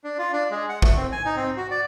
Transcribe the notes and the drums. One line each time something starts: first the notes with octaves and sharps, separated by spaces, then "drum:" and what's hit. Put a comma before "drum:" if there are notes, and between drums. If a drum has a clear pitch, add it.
D4
F4
D4
G#3
F#5
A3, drum: kick A1
C4
G#5
D#4
C4
F#4
D5